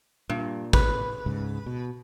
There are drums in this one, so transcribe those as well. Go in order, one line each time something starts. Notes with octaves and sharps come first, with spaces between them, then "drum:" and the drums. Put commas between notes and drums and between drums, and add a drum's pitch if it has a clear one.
G2 A#2
B4, drum: kick
C#2 G#2 C#3
B2